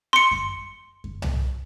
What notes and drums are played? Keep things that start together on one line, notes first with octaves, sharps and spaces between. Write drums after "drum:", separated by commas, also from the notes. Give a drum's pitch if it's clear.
C6 C#7
drum: kick F#2
drum: kick F#2
drum: tom C2